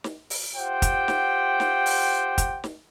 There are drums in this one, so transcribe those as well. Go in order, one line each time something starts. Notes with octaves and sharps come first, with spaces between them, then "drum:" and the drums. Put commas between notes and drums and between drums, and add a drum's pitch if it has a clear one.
drum: snare
drum: open hi-hat
F4 G4 C5 F#5 G5
drum: kick, hi-hat
drum: snare
drum: snare
drum: open hi-hat
drum: kick, hi-hat
drum: snare